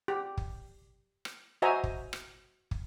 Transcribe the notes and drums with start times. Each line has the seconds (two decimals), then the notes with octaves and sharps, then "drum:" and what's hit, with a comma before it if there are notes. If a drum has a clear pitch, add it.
0.08 G4
0.37 drum: kick
1.25 drum: rim click
1.62 F#4 C5 D#5 E5 G#5 A#5
1.84 drum: kick
2.13 drum: rim click
2.71 drum: kick